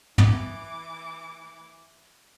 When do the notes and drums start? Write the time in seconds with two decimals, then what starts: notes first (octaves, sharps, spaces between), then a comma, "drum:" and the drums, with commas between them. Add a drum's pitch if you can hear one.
0.18 E3 D6, drum: tom